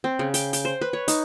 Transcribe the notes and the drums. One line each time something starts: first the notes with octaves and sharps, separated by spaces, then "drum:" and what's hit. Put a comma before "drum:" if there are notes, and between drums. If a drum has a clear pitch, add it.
C4
C#3
G5, drum: hi-hat
G5, drum: hi-hat
C5
B4
C#5
D#4, drum: hi-hat